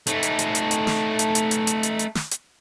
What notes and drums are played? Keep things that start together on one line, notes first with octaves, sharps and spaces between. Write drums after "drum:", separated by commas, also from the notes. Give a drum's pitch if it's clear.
A3 D#4, drum: hi-hat
drum: hi-hat
drum: hi-hat
drum: hi-hat
drum: hi-hat
drum: snare
drum: hi-hat
drum: hi-hat
drum: hi-hat
drum: hi-hat
drum: hi-hat
drum: hi-hat
drum: snare
drum: hi-hat